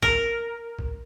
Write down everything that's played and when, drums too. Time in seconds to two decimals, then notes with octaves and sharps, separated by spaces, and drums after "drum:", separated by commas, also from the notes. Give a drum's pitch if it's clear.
0.02 A#4, drum: kick
0.79 drum: kick